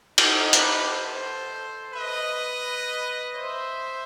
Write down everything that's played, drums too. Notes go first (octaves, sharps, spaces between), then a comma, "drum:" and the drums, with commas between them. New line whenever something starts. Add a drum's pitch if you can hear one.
D#4, drum: cymbal
G4 B4, drum: hi-hat
A4 C5
B4 D#5
C5 E5